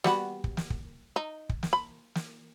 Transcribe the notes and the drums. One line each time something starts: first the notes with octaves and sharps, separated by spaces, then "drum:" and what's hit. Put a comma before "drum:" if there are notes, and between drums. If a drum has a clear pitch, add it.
G3 B3 F#4, drum: snare
drum: kick
drum: snare
drum: kick
D#4
drum: kick
drum: snare
B5
drum: snare